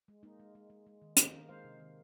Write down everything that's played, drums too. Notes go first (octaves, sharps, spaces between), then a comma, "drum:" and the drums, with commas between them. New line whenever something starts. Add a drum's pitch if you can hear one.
G#3
G#3 A#3 D#4
G#3
G#3
G#3
G#3
D#3
D#3 A#3 D#4, drum: hi-hat
D#3
G#3 C5 F5
C3
D#3